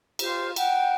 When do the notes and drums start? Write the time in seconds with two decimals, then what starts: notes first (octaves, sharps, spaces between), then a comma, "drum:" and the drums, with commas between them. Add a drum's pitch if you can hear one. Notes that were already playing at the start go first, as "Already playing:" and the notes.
0.19 F4 G4 C5, drum: cymbal
0.56 F#5 G5, drum: cymbal